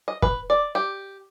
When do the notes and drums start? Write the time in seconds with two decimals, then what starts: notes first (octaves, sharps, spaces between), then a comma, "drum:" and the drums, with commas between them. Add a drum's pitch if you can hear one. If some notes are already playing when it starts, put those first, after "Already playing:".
0.08 D#5
0.22 B4, drum: kick
0.50 D5
0.75 G4